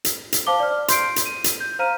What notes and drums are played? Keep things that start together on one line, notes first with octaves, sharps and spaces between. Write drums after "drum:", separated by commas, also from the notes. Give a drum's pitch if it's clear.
drum: hi-hat
drum: hi-hat
C5 F5 A5 D6 G7
D5 F6
C6 G6 C7 D7, drum: hi-hat
drum: hi-hat
D#7
drum: hi-hat
G6
C5 F5 A#5 F6 D#7